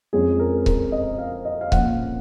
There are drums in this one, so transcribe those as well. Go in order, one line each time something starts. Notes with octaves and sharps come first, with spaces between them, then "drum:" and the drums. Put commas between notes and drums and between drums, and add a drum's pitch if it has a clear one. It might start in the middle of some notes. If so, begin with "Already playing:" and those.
F2 F3 G#3 C#4 G#4
A#4
A#4, drum: kick C#1
D#5
F5
D#5
F5
A#2 F3 A#3 C#4 F#5, drum: kick C#1